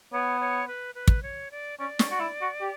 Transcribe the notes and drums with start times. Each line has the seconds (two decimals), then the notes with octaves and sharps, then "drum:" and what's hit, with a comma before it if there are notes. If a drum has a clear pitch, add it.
0.12 B3 C#5
0.41 C#5
0.68 B4
0.95 B4
1.08 drum: kick
1.23 C#5
1.51 D5
1.79 C#4 D5
1.99 C#4, drum: snare
2.11 F#4
2.20 E4
2.41 F#4
2.61 G4